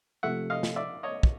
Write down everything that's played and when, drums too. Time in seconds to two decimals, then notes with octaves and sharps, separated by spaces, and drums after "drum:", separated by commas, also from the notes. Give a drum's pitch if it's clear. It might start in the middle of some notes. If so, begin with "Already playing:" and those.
0.23 C3 F3 A3 E5 F#5
0.50 D#5 F5
0.63 drum: snare
0.76 D5 E5
1.03 C#5 D#5
1.23 drum: kick